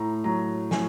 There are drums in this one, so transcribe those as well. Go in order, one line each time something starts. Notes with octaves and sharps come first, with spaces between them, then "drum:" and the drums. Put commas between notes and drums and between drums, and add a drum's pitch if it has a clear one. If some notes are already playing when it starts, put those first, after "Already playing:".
Already playing: A2 A#5
F#3 A#5
A2 G#5, drum: snare